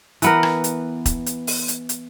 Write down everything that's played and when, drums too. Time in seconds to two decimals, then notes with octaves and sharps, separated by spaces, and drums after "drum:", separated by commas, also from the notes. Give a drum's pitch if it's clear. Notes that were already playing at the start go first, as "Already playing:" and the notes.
0.22 E3 B3 A#4, drum: hi-hat
0.43 drum: rim click
0.64 drum: hi-hat
1.06 drum: kick E1, hi-hat
1.26 drum: hi-hat
1.47 drum: open hi-hat
1.68 drum: hi-hat
1.89 drum: hi-hat